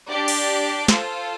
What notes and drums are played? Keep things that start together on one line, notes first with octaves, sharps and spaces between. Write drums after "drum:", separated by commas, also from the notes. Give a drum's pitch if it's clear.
D4 G4 D5
drum: cymbal
F4 A4 C5, drum: snare